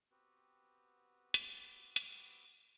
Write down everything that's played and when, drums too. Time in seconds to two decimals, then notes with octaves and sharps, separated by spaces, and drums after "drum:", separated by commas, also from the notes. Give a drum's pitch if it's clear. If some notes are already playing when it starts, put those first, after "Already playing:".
0.11 B3 C4 F#4 G4 B4
1.34 drum: hi-hat
1.96 drum: hi-hat